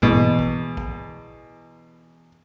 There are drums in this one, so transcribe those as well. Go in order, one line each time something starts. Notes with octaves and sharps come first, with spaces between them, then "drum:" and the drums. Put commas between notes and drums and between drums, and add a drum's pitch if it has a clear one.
E2 B2, drum: kick
drum: kick
drum: kick